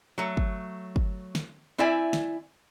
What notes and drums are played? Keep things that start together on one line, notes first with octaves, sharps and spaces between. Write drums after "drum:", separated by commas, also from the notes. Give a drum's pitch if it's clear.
F#3 A3
drum: kick
drum: kick
drum: snare
C4 E4 D5 E5 G#5
drum: snare